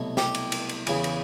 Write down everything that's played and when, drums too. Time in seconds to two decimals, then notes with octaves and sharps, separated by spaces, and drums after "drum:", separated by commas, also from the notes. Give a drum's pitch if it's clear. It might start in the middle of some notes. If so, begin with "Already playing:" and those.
Already playing: C2 B2 F#3 A3
0.17 G4 G5, drum: snare
0.35 drum: cymbal
0.52 drum: cymbal
0.69 drum: cymbal
0.87 E2 C#3 E3, drum: cymbal
1.04 drum: cymbal